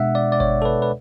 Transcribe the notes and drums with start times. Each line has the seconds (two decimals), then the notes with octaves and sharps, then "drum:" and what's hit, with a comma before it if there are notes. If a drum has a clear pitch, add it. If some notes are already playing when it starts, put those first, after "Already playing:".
Already playing: B2 G#3 D4 E5 F#5
0.15 D5
0.32 D5
0.40 C#5, drum: kick G1
0.62 A4
0.65 B4
0.82 B4